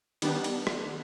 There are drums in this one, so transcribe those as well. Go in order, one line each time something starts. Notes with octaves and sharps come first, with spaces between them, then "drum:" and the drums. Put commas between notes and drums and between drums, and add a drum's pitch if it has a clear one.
D#3 G3 B3 D4, drum: cymbal
drum: cymbal
drum: rim click